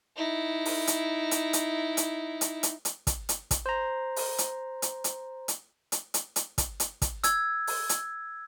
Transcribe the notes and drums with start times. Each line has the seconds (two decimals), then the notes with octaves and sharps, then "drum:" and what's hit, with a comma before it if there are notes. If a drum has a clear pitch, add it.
0.17 D#4 E4
0.65 drum: open hi-hat
0.87 drum: hi-hat
1.31 drum: hi-hat
1.53 drum: hi-hat
1.97 drum: hi-hat
2.41 drum: hi-hat
2.63 drum: hi-hat
2.85 drum: hi-hat
3.07 drum: kick, hi-hat
3.29 drum: hi-hat
3.51 drum: kick, hi-hat
3.66 C5 A#5
4.16 drum: open hi-hat
4.38 drum: hi-hat
4.82 drum: hi-hat
5.04 drum: hi-hat
5.48 drum: hi-hat
5.92 drum: hi-hat
6.14 drum: hi-hat
6.36 drum: hi-hat
6.58 drum: kick, hi-hat
6.80 drum: hi-hat
7.02 drum: kick, hi-hat
7.24 E6 G#6, drum: hi-hat
7.67 drum: open hi-hat
7.89 drum: hi-hat